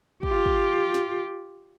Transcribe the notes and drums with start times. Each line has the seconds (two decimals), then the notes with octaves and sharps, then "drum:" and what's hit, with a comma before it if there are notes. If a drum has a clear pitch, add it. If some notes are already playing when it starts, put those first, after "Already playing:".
0.23 F4 G4, drum: kick
0.46 drum: kick
0.94 drum: snare